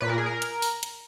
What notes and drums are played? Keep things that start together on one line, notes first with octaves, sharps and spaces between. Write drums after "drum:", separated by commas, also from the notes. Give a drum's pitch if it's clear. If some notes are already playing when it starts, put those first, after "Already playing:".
A#2 B4
A#4
G#4
A#4
drum: hi-hat
drum: open hi-hat
drum: hi-hat